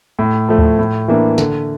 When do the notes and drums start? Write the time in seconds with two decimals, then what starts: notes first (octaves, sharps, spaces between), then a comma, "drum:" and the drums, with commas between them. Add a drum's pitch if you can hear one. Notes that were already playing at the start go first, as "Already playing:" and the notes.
0.19 A2
0.49 F3 A3
0.58 drum: kick D2
0.79 A2
1.08 E3 A#3 D4
1.38 D3, drum: snare